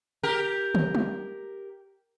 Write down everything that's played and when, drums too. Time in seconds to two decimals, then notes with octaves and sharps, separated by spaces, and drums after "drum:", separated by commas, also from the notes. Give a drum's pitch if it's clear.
0.23 G4 A#4
0.75 drum: tom
0.95 drum: tom